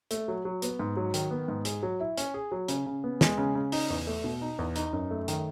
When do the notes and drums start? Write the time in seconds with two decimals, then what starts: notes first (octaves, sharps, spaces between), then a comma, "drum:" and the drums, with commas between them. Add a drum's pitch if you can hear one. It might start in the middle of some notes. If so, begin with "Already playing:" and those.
0.11 A3, drum: hi-hat
0.28 F#3
0.45 F#3
0.62 B3, drum: hi-hat
0.80 G#2
0.97 F#3
1.14 D#3, drum: hi-hat
1.31 B3
1.48 G#2
1.65 G#4, drum: hi-hat
1.83 F#3
2.00 E4
2.18 C#4, drum: hi-hat
2.34 G#4
2.52 F#3
2.68 C#3, drum: hi-hat
2.86 C#3
3.04 B3
3.21 G#3, drum: snare
3.38 C#3
3.55 C#3
3.72 D#4, drum: open hi-hat
3.90 E2
4.07 A3
4.24 B2
4.42 D#4
4.59 E2
4.76 D#4, drum: hi-hat
4.93 F#2
5.11 A3
5.28 D#3, drum: hi-hat